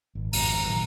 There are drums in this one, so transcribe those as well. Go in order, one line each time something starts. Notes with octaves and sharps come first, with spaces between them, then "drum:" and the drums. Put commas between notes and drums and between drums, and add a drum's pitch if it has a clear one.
G#1
G#1 F2 A#5, drum: open hi-hat
A#2 D#3 F#3